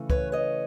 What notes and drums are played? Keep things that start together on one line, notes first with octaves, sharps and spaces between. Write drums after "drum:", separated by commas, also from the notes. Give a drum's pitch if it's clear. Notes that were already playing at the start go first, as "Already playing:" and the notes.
Already playing: C#3 E3 A3
B4 C#5, drum: kick C#2
C#5 D#5